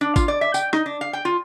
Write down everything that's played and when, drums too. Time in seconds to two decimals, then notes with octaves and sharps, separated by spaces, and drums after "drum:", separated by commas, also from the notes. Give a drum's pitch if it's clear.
0.01 D4
0.16 F4, drum: kick G#1, tambourine
0.28 D5
0.41 E5
0.54 G5, drum: tambourine
0.73 D#4, drum: rim click
0.86 D4
1.01 F5
1.13 G5
1.25 F4